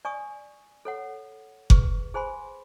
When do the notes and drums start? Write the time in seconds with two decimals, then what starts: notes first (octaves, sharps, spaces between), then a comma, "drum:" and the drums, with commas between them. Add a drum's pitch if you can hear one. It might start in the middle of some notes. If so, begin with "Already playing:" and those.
0.05 D5 G#5 C#6 D#6
0.85 A4 C#5 F#5
1.70 G#4 B4 C#6, drum: kick F#1
2.14 G#4 C5 G#5 B5 C6